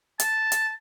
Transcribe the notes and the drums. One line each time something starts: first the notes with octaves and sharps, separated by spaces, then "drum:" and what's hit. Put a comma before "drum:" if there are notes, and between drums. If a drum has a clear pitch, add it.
A5, drum: hi-hat
drum: hi-hat